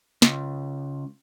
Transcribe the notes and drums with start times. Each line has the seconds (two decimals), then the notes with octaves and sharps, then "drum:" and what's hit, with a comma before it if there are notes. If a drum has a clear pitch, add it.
0.22 C#2, drum: snare